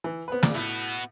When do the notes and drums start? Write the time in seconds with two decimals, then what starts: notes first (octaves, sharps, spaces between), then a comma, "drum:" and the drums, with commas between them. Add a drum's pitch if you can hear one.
0.04 E3
0.28 B3 C4 B4
0.43 A#1 C#3 D5, drum: snare
0.55 A2 B3 F#4